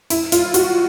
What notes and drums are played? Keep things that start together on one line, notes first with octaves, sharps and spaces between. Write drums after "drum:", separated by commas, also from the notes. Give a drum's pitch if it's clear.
E4, drum: hi-hat
F4, drum: hi-hat
F#4, drum: hi-hat